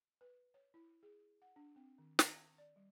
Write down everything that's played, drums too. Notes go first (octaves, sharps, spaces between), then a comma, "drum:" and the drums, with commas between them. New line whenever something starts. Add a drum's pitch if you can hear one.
B4
C#5
E4
G#4
F#5
D4
C4
D#3
A#5, drum: snare
D5
G3